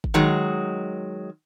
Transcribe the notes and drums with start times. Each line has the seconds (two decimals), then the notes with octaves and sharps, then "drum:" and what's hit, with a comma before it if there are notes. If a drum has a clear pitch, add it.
0.04 drum: kick
0.14 D#3 F#3 G#3